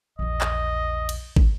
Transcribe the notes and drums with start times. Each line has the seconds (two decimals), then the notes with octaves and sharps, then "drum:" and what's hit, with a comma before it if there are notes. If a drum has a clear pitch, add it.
0.19 A#1 E2 D#5
0.41 drum: clap
1.09 drum: cymbal
1.36 drum: kick